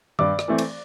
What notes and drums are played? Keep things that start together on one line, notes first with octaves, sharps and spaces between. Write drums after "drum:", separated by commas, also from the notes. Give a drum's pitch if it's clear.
G2 D5 D6, drum: tom D#3
drum: rim click
E3 A3 C4
drum: cymbal